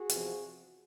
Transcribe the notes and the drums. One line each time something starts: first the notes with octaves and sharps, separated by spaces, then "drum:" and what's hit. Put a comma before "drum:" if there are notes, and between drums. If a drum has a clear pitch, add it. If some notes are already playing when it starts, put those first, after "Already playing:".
Already playing: F#4 G#4
E2 C3 F3, drum: hi-hat